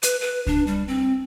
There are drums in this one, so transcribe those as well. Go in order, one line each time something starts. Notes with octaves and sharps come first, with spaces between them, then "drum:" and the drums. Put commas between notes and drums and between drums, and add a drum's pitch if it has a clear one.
B4, drum: hi-hat
B4
D4, drum: kick C#2
G3
C4